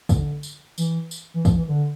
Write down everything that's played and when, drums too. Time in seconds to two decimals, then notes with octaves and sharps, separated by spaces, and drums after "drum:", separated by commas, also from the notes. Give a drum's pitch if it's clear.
0.09 D3, drum: kick, tambourine
0.43 drum: tambourine
0.78 E3, drum: tambourine
1.11 drum: tambourine
1.34 E3
1.45 F3, drum: kick, tambourine
1.56 E3
1.68 D3